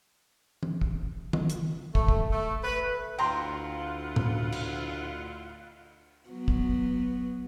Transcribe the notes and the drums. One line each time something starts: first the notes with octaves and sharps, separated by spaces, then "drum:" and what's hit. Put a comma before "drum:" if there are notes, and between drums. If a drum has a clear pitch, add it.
drum: tom
drum: kick
drum: tom D#3
drum: hi-hat
A3, drum: kick
drum: kick
A3
B4
D2 E4 F4 F#5 G5 A#5 C6, drum: cymbal
drum: tom A2
drum: cymbal
F#3 B3
drum: kick